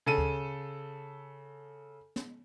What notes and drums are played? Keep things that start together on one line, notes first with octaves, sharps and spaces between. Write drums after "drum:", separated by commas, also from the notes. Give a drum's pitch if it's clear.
C#3 A4 D#7
drum: kick D2
drum: snare